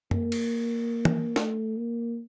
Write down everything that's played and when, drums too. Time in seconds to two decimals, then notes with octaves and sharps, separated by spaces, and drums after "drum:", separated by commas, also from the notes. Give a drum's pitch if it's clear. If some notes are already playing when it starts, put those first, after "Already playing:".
0.11 A#3, drum: tom F#2
0.32 drum: cymbal
1.05 drum: tom E3
1.36 A3, drum: snare
1.78 A#3